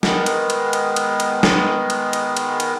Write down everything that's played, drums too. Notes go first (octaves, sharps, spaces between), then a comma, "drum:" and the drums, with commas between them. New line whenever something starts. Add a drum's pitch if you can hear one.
D#3 G#3 B3, drum: snare
drum: cymbal
drum: cymbal
drum: cymbal
drum: cymbal
drum: cymbal
drum: snare
drum: cymbal
drum: cymbal
drum: cymbal
drum: cymbal